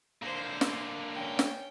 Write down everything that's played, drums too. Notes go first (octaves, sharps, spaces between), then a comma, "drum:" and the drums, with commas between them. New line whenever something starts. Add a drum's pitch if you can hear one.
D3 A#3 C5
drum: snare
C#4 G5
drum: snare